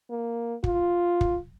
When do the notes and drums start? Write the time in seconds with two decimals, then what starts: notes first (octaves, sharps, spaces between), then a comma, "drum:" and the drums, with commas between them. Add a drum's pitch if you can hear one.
0.10 A#3
0.64 F4, drum: kick
1.21 drum: kick